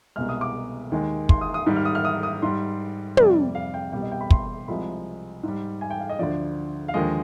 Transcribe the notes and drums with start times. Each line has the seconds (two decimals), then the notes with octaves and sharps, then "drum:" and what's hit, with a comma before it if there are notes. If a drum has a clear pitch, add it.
0.16 C2 B2 G#3 F6
0.29 D#6
0.41 D6
0.92 D#2 D#3 G#3
1.29 C6, drum: kick
1.41 D#6
1.54 D#6
1.66 G#2 D#3 G3
1.76 F6
1.85 D#6
1.95 F6
2.05 D#6
2.23 D#6
2.42 G#2 G3 C6
3.17 F2 C3 G3 D5, drum: tom
3.55 F5
3.74 G5
3.92 C2 B2 G3 G5
4.02 D#5
4.12 G5
4.21 B5
4.31 C6, drum: kick
4.68 C2 C3 F3 G#3 B5
5.43 G#2 G3
5.81 G#5
5.90 G5
6.00 F5
6.09 D#5
6.19 D2 D3 F3 D5
6.88 F5
6.94 D#2 D3 F3 G#3 D#5